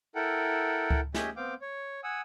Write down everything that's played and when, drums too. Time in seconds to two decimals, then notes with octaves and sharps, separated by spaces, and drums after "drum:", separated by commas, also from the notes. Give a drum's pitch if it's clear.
0.15 E4 A4 A#4 F#5 G5
0.90 drum: kick C#2
1.14 C#4 G4 G#4 D#5 E5, drum: snare
1.36 B3 C4 F5 G5 D6
1.62 C#5
2.04 F#5 G#5 D#6 E6